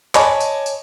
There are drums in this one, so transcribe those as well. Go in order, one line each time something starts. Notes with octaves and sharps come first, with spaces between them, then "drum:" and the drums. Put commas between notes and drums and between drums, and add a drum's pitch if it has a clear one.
C#5 D#5 G#5 A5 B5 D6, drum: clap
drum: tambourine
drum: tambourine